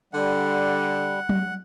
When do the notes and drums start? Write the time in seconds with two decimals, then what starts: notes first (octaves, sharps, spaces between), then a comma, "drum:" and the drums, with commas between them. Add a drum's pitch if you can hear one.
0.13 D3 G3 F#5
1.29 drum: tom F#3